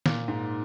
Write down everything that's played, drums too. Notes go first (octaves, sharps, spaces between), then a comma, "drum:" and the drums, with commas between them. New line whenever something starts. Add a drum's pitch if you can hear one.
A#2, drum: snare
G#2